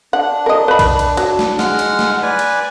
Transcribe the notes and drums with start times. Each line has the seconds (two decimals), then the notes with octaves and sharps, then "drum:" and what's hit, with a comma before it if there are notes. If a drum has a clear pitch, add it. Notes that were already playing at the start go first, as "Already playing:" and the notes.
0.13 D4 F#5
0.46 A#4 D#5
0.68 B4 B5
0.79 drum: kick B1, cymbal
0.99 drum: cymbal
1.17 F#3, drum: cymbal
1.39 drum: snare
1.59 G#3 F#5 F6, drum: snare
1.79 drum: cymbal
1.99 drum: snare
2.23 B4 D5 G#5
2.39 drum: cymbal